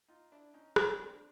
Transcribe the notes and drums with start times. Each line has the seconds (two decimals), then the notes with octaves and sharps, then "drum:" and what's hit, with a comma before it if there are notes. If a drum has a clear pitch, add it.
0.08 D#4 F4
0.32 D4 E4
0.54 C#4 D#4
0.76 C4 D4, drum: rim click
0.98 C4 D4
1.15 D4